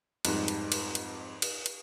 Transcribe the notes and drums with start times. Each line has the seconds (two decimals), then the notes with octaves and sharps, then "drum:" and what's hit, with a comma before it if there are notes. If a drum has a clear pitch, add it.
0.25 F2 G#2 G3 D#4 F#6, drum: cymbal
0.48 drum: cymbal
0.72 drum: cymbal
0.95 drum: cymbal
1.42 drum: cymbal
1.66 drum: cymbal